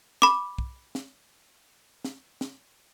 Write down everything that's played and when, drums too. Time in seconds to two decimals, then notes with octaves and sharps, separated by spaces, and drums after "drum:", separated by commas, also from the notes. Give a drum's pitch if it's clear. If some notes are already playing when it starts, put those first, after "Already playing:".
0.22 B5 D6, drum: snare
0.58 drum: kick
0.95 drum: snare
2.05 drum: snare
2.41 drum: snare